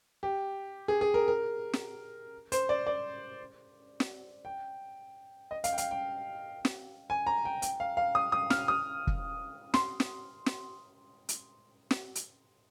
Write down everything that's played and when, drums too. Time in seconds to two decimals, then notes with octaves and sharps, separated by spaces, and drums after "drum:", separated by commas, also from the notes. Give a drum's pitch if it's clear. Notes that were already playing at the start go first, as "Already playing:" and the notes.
0.23 G4
0.88 G#4
1.01 G#4
1.14 A#4
1.28 A#4
1.73 drum: snare
2.52 C5, drum: hi-hat
2.69 D5
2.87 D5
4.00 drum: snare
4.45 G5
5.51 D#5
5.64 F5, drum: hi-hat
5.73 G5
5.78 F5, drum: hi-hat
5.91 G5
6.65 drum: snare
7.10 G#5
7.27 A#5
7.45 G5
7.62 G5, drum: hi-hat
7.80 F5
7.97 F5
8.15 D#6
8.32 D#6
8.50 F6, drum: snare
8.68 D#6
9.07 drum: kick
9.74 C6, drum: snare
10.00 drum: snare
10.46 drum: snare
11.29 drum: hi-hat
11.91 drum: snare
12.15 drum: hi-hat